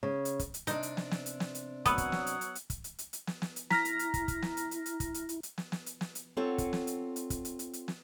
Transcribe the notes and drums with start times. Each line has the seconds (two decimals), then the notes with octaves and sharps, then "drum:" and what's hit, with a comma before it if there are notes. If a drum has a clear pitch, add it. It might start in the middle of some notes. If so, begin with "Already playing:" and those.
0.03 C#3
0.25 drum: hi-hat
0.39 drum: kick, hi-hat
0.54 drum: hi-hat
0.67 C3 D4 D#4, drum: hi-hat
0.83 drum: hi-hat
0.97 drum: snare
1.11 drum: snare
1.26 drum: hi-hat
1.40 drum: snare
1.55 drum: hi-hat
1.86 F#3 B3 C#5 F#5 D#6 E6, drum: kick, hi-hat
1.98 drum: kick, hi-hat
2.12 drum: snare
2.27 drum: hi-hat
2.41 drum: hi-hat
2.55 drum: hi-hat
2.70 drum: kick, hi-hat
2.84 drum: hi-hat
2.99 drum: hi-hat
3.13 drum: hi-hat
3.27 drum: snare
3.42 drum: snare
3.56 drum: hi-hat
3.70 E4 A#5 F6 A#6 B6, drum: snare
3.85 drum: hi-hat
3.99 drum: hi-hat
4.14 drum: kick, hi-hat
4.28 drum: kick, hi-hat
4.42 drum: snare
4.57 drum: hi-hat
4.71 drum: hi-hat
4.86 drum: hi-hat
5.00 drum: kick, hi-hat
5.14 drum: hi-hat
5.29 drum: hi-hat
5.43 drum: hi-hat
5.58 drum: snare
5.72 drum: snare
5.86 drum: hi-hat
6.01 drum: snare
6.15 drum: hi-hat
6.37 C4 F4 A4 C#5 F#5
6.58 drum: kick, hi-hat
6.73 drum: snare
6.87 drum: hi-hat
7.16 drum: hi-hat
7.30 drum: kick, hi-hat
7.45 drum: hi-hat
7.59 drum: hi-hat
7.73 drum: hi-hat
7.88 drum: snare